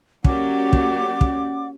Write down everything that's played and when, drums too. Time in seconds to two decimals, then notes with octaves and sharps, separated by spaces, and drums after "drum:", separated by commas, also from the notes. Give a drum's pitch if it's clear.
0.24 F#3 A#3 C#4 G4 D5 F#5 D6, drum: kick
0.73 drum: kick
1.21 drum: kick